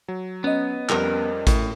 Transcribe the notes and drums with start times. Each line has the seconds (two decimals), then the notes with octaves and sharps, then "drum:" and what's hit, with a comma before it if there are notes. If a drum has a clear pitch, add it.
0.08 F#3
0.44 B3 C#4 D#5
0.89 F2 G3 A#4, drum: clap
1.47 A2, drum: kick A1, hi-hat